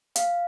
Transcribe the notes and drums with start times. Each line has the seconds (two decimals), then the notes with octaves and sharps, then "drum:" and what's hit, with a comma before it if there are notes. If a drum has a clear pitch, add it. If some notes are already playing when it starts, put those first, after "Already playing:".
0.16 F5, drum: hi-hat